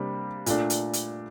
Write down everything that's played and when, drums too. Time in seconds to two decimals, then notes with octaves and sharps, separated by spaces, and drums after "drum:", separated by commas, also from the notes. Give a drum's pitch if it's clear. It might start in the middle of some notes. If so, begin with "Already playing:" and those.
Already playing: C3 G3 A#3 D4
0.46 A#2 A3 D4, drum: hi-hat
0.70 drum: hi-hat
0.93 drum: hi-hat